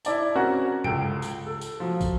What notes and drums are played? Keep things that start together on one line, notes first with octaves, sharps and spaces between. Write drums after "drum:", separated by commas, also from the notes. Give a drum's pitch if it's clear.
E4 D5 A5, drum: tambourine
C4 C#4 F#4 A#4 F#5
C#2 A4 G5 D7, drum: tom G2
drum: tambourine
A4
drum: tambourine
F3 F#3
drum: kick, tambourine